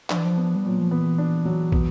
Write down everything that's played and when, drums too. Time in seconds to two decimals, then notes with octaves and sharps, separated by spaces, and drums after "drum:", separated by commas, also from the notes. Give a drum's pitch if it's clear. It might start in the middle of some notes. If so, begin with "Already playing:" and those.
0.10 F3 D4, drum: clap
0.17 E3
0.25 F3
0.37 B3
0.56 G3
0.65 A#2 F#3
0.79 F3
0.91 E3 B3
1.18 D4
1.45 F#3
1.72 B3, drum: kick